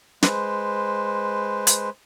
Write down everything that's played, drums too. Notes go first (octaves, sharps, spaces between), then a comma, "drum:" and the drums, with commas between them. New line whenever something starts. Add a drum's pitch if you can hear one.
G#3 B4 C5, drum: snare
drum: hi-hat